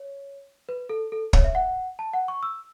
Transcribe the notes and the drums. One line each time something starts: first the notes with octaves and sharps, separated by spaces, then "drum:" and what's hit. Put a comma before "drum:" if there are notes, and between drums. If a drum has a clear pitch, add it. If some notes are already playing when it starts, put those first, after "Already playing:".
Already playing: C#5
B4
A4
A4
C#5, drum: kick
E5
F#5
A5
F#5
C#6
E6